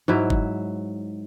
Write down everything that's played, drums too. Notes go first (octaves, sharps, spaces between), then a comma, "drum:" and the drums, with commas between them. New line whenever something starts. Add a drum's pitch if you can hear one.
G#2 F#3 E4
drum: kick F#1